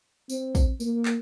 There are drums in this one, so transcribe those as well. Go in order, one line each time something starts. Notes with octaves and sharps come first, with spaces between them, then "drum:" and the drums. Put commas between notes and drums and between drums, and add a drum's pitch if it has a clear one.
C4, drum: tambourine
drum: kick, tambourine
A#3, drum: tambourine
drum: clap